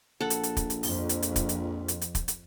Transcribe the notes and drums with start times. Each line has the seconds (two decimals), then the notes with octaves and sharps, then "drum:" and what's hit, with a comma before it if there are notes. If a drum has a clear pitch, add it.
0.21 A#1 A4 F#5
0.30 drum: hi-hat
0.43 drum: hi-hat
0.57 drum: kick, hi-hat
0.70 drum: hi-hat
0.83 F2, drum: open hi-hat
1.09 drum: hi-hat
1.22 drum: hi-hat
1.36 drum: kick, hi-hat
1.49 drum: hi-hat
1.88 drum: hi-hat
2.01 drum: hi-hat
2.15 drum: kick, hi-hat
2.28 drum: hi-hat